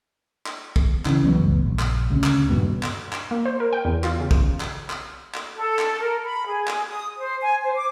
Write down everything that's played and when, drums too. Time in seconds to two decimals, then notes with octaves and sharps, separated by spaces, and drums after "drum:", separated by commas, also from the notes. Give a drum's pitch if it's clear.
0.46 drum: clap
0.76 drum: kick
1.05 C#3 E3, drum: clap
1.24 C2 E3 F#3 B3
1.39 F#1 C#2
1.65 A#1
1.79 drum: clap
2.10 D2 C#3
2.24 drum: clap
2.49 D#1 G2 B2
2.83 drum: clap
3.12 drum: clap
3.31 A#3
3.45 C5
3.60 A#4
3.73 G5
3.85 E2
4.04 F4, drum: clap
4.20 C#3
4.31 drum: kick
4.60 drum: clap
4.90 drum: clap
5.34 drum: clap
5.56 A4
5.79 drum: clap
5.99 A#4
6.24 B5
6.47 G#4
6.67 drum: clap
6.87 D#6
7.18 C5
7.40 G#5
7.63 C5
7.75 D6